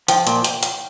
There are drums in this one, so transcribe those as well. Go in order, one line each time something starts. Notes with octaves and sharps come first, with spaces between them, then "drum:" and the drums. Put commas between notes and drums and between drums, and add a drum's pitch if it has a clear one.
F3 G5, drum: hi-hat
A#2, drum: hi-hat
drum: hi-hat
drum: hi-hat